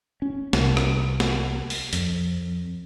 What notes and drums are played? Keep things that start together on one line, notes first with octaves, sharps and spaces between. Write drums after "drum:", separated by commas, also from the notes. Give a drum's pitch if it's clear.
C#4
C2, drum: snare
drum: rim click
drum: snare
drum: open hi-hat
F2, drum: hi-hat